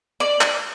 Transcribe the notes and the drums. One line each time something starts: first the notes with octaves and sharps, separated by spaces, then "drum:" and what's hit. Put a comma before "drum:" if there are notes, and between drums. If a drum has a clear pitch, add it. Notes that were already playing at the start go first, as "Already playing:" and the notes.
D5
drum: clap